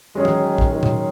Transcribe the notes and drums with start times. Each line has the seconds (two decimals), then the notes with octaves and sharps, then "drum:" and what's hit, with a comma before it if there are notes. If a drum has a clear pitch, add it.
0.15 D#3 F#3 G#3 C#4 G#4 C#5
0.25 drum: tom
0.58 drum: kick
0.70 D#3 F#3
0.83 drum: tom B2